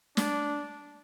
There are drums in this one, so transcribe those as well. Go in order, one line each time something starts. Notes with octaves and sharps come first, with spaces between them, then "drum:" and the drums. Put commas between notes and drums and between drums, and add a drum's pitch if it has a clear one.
D4, drum: snare